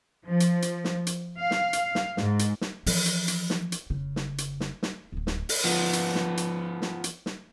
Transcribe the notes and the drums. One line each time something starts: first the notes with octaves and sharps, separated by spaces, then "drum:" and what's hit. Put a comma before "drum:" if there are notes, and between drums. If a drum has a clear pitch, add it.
F3
drum: hi-hat
drum: hi-hat
drum: snare
drum: hi-hat
F5
drum: snare
drum: hi-hat
drum: snare
G#2, drum: snare
drum: hi-hat
drum: snare
E3 F3, drum: open hi-hat
drum: hi-hat
drum: hi-hat
drum: snare
drum: hi-hat
F1 C#3
drum: snare
drum: hi-hat
drum: snare
drum: snare
D1 D2
drum: snare
drum: open hi-hat
F3 B3
drum: hi-hat
drum: snare
drum: hi-hat
drum: snare
drum: hi-hat
drum: snare